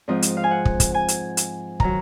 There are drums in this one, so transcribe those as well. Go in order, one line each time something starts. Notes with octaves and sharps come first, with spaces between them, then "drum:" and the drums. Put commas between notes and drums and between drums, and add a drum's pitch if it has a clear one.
G#2 F3 C4 D#5
drum: hi-hat
F5
G#5
F#5
drum: kick
drum: kick, hi-hat
G#5
drum: hi-hat
drum: hi-hat
D#3 F#3 A#5, drum: kick